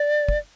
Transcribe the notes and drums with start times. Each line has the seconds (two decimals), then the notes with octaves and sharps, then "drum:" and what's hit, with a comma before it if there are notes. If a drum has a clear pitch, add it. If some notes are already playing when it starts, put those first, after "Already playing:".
Already playing: D5
0.29 drum: kick